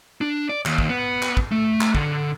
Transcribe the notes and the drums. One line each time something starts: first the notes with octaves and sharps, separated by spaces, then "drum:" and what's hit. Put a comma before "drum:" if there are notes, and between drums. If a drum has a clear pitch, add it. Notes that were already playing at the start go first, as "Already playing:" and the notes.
D4
D5
D#2, drum: clap
drum: kick
B3
drum: clap
drum: kick
A3
drum: clap
D3, drum: kick